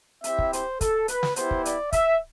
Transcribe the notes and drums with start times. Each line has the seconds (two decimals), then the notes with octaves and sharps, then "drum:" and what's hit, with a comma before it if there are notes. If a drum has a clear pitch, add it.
0.24 C4 E4 G4 E5, drum: hi-hat
0.39 drum: kick
0.53 C5, drum: hi-hat
0.81 A4, drum: kick, hi-hat
1.08 B4, drum: hi-hat
1.23 drum: snare
1.36 B3 E4 G4 C5, drum: hi-hat
1.51 drum: kick
1.65 D5, drum: hi-hat
1.93 E5, drum: kick, hi-hat